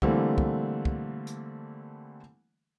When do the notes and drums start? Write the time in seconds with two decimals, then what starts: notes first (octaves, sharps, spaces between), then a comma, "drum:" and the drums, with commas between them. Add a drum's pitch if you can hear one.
0.02 D3 E3 G3 A3 A#3 C4, drum: kick
0.38 drum: kick
0.85 drum: kick
1.27 drum: hi-hat